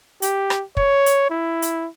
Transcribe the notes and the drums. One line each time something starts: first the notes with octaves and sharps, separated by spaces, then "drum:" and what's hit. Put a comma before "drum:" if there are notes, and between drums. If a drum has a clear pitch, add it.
G4, drum: hi-hat
drum: rim click
C#5, drum: kick
drum: hi-hat
E4
drum: hi-hat